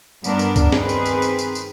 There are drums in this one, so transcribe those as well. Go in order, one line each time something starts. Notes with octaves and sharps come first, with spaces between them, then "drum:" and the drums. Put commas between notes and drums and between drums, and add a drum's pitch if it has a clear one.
G2 B3 D4 A#4, drum: tambourine
drum: tambourine
drum: kick C#2, tambourine
D#3 C4 G#4 B4, drum: snare
drum: tambourine
drum: tambourine
drum: tambourine
drum: tambourine
drum: tambourine